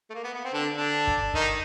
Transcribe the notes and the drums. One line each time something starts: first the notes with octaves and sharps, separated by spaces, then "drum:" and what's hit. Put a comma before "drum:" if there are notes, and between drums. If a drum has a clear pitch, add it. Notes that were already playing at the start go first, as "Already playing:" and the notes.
A3
A#3
B3
B3
C4
D3 D4
D3 D4
drum: kick
D#3 D#4, drum: kick